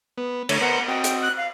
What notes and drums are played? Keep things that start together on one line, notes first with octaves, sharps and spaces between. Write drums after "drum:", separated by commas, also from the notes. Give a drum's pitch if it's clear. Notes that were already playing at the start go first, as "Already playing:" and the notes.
B3
D3 A3 C#5, drum: cymbal
B3 A#4 C5 F#5
C4 F#4 D#5 G5
drum: hi-hat
F#6
F5